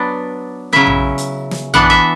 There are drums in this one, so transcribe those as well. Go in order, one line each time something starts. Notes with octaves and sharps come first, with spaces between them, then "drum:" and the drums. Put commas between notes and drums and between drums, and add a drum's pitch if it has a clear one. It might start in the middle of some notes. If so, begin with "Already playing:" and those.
Already playing: F#3 B3 D4 D5
C#3 F#3 C#4 E4 E5
drum: tom A#1
drum: hi-hat
drum: snare
E3 B3 D4 F#5, drum: tom A#1
E5